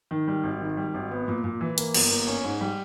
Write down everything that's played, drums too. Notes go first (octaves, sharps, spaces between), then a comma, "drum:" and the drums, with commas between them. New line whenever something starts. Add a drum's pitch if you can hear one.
D#3
G3
G#1
D#3
G3
G#1
B3
A#2
A#2
E3
A#3, drum: hi-hat
G1, drum: cymbal
A#3
C#4
G#2
G3